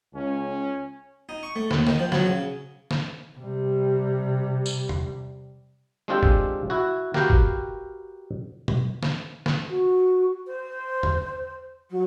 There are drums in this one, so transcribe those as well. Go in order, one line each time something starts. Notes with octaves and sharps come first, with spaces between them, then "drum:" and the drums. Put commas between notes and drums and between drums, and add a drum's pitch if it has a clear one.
C#2 C#4
D#4
C#6
A3
D#2, drum: snare
D#3, drum: snare
F3
F#3, drum: snare
C#3
drum: snare
C3 G3
drum: tambourine
drum: tom E2
G#3 C4 D4 F4 G4 A4
drum: kick G1
E4 F#4
F#4 G4 A#4 B4 F5 G5, drum: snare
drum: kick G1
drum: tom B2
drum: snare
drum: snare
F#4
C5
drum: tom E2
F#3